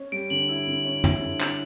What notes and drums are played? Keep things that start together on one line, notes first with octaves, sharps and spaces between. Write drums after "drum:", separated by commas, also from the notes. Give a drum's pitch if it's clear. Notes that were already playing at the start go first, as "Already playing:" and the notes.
Already playing: C#4
G3 D7
D3 F#7
E4
D3
C#4
E4, drum: tom
D3
E4, drum: clap